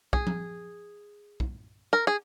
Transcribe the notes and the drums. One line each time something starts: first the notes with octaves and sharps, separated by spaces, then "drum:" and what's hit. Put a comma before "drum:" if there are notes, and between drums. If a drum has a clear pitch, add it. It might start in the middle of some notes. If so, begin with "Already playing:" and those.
G#4, drum: kick B1
drum: tom F3
drum: kick B1
A#4
G#4